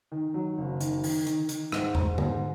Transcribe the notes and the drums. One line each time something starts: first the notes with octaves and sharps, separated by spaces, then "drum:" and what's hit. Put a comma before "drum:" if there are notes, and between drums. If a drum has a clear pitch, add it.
D#3
F#3
F#1
D#3, drum: hi-hat
D#3, drum: open hi-hat
D#3, drum: hi-hat
D#3, drum: hi-hat
G#2, drum: rim click
G#2, drum: tom E2
G#2, drum: tom D3